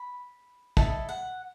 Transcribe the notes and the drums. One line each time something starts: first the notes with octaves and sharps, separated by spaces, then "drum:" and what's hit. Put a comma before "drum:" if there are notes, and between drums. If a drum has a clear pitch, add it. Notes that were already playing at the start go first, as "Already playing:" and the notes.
Already playing: B5
E4 A4 D#5 A5, drum: kick
F#5